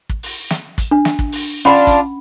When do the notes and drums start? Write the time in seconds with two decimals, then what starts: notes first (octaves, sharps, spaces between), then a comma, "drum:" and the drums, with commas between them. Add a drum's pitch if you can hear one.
0.09 drum: kick
0.23 drum: open hi-hat
0.50 drum: snare
0.78 drum: kick, hi-hat
0.91 D4
1.05 drum: snare
1.19 drum: kick
1.32 drum: open hi-hat
1.65 C#4 D4 F4 F#5 B5
1.87 drum: kick, hi-hat